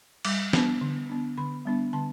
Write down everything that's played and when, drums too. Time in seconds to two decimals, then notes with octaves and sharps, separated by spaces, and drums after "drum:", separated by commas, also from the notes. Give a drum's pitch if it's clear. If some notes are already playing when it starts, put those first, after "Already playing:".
0.25 G3 D6, drum: cymbal
0.53 B3 D4, drum: snare
0.81 D3
1.10 B3 D4
1.38 D3 B5
1.65 G3 B3 D4
1.93 D3 A5